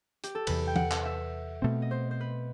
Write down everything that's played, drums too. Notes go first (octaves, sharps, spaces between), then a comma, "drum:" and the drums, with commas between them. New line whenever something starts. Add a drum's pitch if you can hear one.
G4, drum: hi-hat
A4
E2 C3 F#3 B4, drum: cymbal
G5
F#5, drum: tom E3
drum: clap
E5
B2 A3 C4
D#5
C5
C5
B4